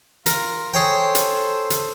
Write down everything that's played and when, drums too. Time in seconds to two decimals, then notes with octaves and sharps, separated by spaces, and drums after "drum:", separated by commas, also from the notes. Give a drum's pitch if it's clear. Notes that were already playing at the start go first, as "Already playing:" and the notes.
0.26 F4 A#4, drum: hi-hat
0.74 G#4 A4 C5 C#5 G5
1.15 drum: hi-hat
1.70 drum: hi-hat